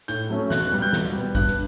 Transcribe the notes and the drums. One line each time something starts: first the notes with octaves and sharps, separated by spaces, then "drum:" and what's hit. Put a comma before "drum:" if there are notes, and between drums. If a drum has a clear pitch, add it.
A2 G6, drum: hi-hat
F#3 A3 C#4
B2 F#6, drum: snare
F#6
G3 B3 F#6
G6
B2, drum: snare
G3 B3
G2 F#6, drum: kick G#1, hi-hat
drum: hi-hat